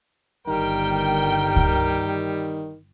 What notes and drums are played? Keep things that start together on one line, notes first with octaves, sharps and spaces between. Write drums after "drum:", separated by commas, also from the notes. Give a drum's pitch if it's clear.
G1 D#3 G3 A#4 G5
drum: kick C#2